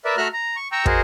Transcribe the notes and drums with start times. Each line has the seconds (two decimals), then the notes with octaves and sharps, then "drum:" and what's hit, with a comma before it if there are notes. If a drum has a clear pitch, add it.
0.05 A#4 B4 D5 E5
0.17 A3 F#4 E5 A#5 F6 F#6
0.33 A#5
0.56 C#6
0.72 G5 A#5 C#6 E6
0.86 F#4 G#4 A#4 C5 D#5, drum: kick